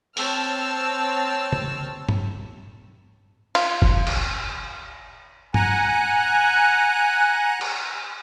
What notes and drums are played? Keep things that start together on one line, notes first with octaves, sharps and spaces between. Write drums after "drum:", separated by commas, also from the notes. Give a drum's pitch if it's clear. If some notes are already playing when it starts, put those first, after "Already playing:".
C4 C#5 A5 E6 F6, drum: open hi-hat
drum: tom
drum: tom G2
F4, drum: cymbal
drum: kick
drum: cymbal
F#5 G#5 A#5 F#6, drum: tom G2
drum: cymbal